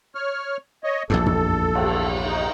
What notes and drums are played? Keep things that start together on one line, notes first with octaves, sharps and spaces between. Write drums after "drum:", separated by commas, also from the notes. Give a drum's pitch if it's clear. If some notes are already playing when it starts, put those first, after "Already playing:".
C#5 F6
C#5 D#5
A#1 E2 G2 A4
drum: tom
drum: cymbal
D#4